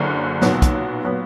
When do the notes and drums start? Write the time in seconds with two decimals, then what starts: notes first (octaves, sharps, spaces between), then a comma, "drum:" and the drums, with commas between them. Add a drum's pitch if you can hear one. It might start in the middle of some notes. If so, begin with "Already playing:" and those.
Already playing: F#1 F#2 D3 F#3 A#3
0.41 B1 A#2 F#3 B3, drum: snare
0.62 drum: kick, hi-hat
1.04 A#2 F#3 B3